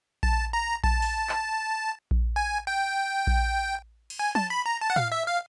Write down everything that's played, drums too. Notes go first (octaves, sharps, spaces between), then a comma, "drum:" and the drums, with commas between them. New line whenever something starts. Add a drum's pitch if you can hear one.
A5, drum: kick A#1
A#5
A5, drum: kick A#1
drum: open hi-hat
drum: clap
drum: kick A#1
G#5
G5
drum: kick A#1
drum: cymbal
G#5
A5, drum: tom
B5
A#5
A5
F#5
F5, drum: tom A2
E5
F5